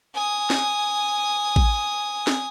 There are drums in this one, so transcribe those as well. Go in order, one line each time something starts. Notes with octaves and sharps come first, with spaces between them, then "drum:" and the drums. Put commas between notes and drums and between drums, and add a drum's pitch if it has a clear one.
G#5 D#6
drum: snare
drum: kick A1
drum: snare